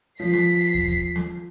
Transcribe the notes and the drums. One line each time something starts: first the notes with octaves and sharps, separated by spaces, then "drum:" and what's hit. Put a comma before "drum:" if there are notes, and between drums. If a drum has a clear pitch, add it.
F3 B6 C7
drum: snare
drum: hi-hat
drum: kick
drum: kick, hi-hat
drum: snare